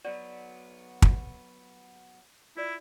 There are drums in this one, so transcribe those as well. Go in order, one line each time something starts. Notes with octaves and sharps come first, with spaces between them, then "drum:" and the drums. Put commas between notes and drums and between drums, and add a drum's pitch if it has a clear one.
F#3 B3 F#4 D5
drum: kick
E4 F4 D5